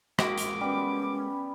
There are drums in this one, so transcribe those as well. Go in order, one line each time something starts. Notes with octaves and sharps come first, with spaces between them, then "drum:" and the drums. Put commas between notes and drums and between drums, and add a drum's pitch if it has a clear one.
G#3 A#3 F#4 D6, drum: rim click
drum: hi-hat
G3 B3 C#4